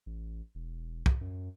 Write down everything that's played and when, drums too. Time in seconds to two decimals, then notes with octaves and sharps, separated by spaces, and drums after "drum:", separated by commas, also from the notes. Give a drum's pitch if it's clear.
0.06 A1
0.55 E1
1.06 drum: kick
1.21 F#2